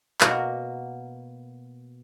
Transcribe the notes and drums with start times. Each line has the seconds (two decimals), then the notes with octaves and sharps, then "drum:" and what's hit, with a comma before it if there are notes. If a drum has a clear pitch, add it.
0.21 B2 A#3 F#4 A#4, drum: clap